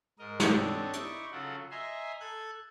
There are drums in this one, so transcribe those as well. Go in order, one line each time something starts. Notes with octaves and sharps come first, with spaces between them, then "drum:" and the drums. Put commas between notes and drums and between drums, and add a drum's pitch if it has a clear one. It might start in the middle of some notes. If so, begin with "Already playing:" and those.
G#2 A#4 D#5
drum: snare
B3 C4 D4 A4 C#5 D#5
D#4 E4 D#5 C#6 D6, drum: hi-hat
C#3 F#3 F4 A4 F#5
D#5 E5 G#5 A#5 C6
A4 F#6 G#6